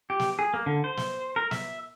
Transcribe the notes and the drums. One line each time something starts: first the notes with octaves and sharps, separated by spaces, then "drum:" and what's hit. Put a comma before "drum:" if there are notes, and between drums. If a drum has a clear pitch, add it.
G4
drum: snare
G#4
A#3
D3
C5
drum: snare
A#4
E5, drum: snare